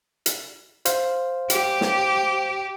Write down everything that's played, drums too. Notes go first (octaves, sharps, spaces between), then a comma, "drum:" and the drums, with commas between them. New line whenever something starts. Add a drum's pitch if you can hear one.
drum: hi-hat
C5 F5, drum: hi-hat
G4, drum: hi-hat
drum: snare